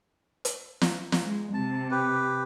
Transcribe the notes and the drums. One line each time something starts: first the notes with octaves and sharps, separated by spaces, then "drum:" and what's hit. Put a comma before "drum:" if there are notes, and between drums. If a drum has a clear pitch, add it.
drum: hi-hat
drum: snare
drum: snare
G#3
C3 A5
G4 B4